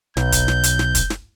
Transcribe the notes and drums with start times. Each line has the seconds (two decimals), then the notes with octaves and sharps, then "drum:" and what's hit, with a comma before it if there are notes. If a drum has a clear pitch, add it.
0.17 B1 G6, drum: snare
0.32 drum: kick, hi-hat
0.48 drum: snare
0.63 drum: hi-hat
0.79 drum: snare
0.95 drum: kick, hi-hat
1.10 drum: snare